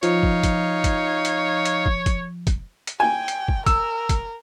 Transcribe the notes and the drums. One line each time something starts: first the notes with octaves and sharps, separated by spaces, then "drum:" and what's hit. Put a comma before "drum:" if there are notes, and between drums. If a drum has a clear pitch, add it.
F3 D#4 C#5 F5, drum: hi-hat
drum: kick
drum: kick, hi-hat
drum: kick, hi-hat
drum: hi-hat
drum: hi-hat
drum: kick
drum: kick, hi-hat
drum: kick, hi-hat
drum: hi-hat
G5 G#5
drum: hi-hat
drum: kick
A#4 E6, drum: kick, hi-hat
drum: kick, hi-hat